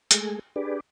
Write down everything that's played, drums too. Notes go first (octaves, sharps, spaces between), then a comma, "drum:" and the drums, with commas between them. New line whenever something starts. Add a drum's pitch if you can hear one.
G#3 A3 G#4, drum: hi-hat
D4 G4 G#4 B4 D5